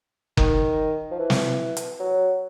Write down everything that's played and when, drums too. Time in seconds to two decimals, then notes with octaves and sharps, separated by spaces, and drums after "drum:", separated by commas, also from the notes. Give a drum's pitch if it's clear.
0.37 D#3, drum: kick F#1
1.11 F3
1.19 E3
1.30 drum: snare
1.77 drum: hi-hat
2.00 F#3